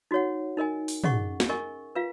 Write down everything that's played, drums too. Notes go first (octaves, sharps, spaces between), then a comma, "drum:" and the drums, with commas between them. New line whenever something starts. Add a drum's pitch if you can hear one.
D#4 F#4 C#5 F#5
D#4 A#4 D#5 G#5
drum: open hi-hat
C#4 G#4 D#5 F#5 C#6, drum: tom
drum: snare
A#4 D#5 G#5 C#6
F4 B4 F5